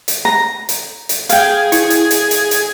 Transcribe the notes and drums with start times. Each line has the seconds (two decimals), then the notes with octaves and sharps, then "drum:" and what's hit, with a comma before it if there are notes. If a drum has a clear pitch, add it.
0.08 drum: hi-hat
0.25 A#5
0.69 drum: hi-hat
1.09 drum: hi-hat
1.29 G#4 F5 G5, drum: hi-hat
1.72 E4, drum: hi-hat
1.90 drum: hi-hat
2.11 drum: hi-hat
2.31 drum: hi-hat
2.51 drum: hi-hat